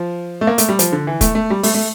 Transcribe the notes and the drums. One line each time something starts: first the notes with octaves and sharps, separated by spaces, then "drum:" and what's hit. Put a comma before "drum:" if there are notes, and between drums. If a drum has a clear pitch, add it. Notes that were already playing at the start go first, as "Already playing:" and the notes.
Already playing: F3
A3
A#3
A3, drum: hi-hat
G3
F3, drum: hi-hat
D3
E3
A3, drum: kick, hi-hat
A3
G3
A3, drum: open hi-hat
A3